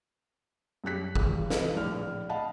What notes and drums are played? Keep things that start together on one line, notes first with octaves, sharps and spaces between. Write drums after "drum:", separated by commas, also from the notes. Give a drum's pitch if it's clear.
F#2 G4 F#6 B6
G#1 E2, drum: kick
E4 A4 B4 D#5 F5, drum: snare
A#1 A2 D5 F6
D#5 F5 F#5 A5 B5